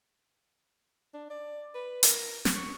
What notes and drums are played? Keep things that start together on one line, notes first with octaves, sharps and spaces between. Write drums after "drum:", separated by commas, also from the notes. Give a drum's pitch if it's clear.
D4
D5
B4
A#4, drum: hi-hat
drum: snare
C#6